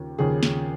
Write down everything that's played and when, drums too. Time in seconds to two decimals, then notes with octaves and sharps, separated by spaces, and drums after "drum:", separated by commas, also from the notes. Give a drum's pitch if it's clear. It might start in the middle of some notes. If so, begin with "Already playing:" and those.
Already playing: D#2 C#3 F3
0.19 D#2 C#3 F3 G#4
0.43 drum: snare